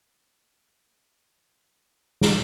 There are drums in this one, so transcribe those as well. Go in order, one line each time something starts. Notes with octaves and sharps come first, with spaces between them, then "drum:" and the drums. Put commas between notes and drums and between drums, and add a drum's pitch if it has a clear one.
G3
A3
A3
G#3
G3
F#3
F3
drum: snare